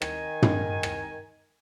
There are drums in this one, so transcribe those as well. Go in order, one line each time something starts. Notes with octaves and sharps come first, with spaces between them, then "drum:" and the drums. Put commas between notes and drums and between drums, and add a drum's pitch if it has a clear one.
D#3 G#5, drum: rim click
drum: tom
drum: rim click